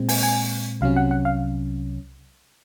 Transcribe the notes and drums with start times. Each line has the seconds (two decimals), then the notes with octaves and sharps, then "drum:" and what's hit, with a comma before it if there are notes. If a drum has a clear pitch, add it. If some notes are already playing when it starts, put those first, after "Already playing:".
Already playing: A#2 G#3 C4
0.09 G#5, drum: open hi-hat
0.23 G#5
0.81 C2 C3 F#3 C#4 F5
0.96 F#5
1.11 F#5
1.25 F5